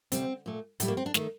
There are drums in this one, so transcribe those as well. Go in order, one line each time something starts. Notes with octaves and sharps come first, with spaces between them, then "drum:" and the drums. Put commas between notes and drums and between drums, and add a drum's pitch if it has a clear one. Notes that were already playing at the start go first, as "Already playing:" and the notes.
D2 C3 G3 C4, drum: hi-hat
A#2 A3
A2 G3 A3, drum: hi-hat
A#3
C4
D4
D#3 A3, drum: snare